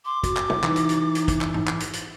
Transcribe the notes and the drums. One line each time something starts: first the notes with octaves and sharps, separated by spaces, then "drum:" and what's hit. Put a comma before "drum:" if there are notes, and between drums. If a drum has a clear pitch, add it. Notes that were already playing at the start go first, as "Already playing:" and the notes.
C6 D6
F#4, drum: kick, hi-hat
drum: clap
drum: tom
E3 D#4, drum: clap
drum: hi-hat
drum: hi-hat
drum: hi-hat
drum: kick, hi-hat
drum: clap
drum: tom G#2
drum: clap
drum: hi-hat
drum: hi-hat